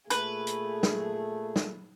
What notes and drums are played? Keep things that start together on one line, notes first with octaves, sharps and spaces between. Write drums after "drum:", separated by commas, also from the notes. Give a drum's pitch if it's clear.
A#2 A3 G#4 B4, drum: hi-hat
drum: hi-hat
drum: snare
drum: snare